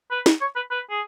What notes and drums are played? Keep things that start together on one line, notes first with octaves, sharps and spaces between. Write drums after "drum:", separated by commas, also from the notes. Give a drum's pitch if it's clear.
B4
drum: snare
C#5
B4
B4
G#4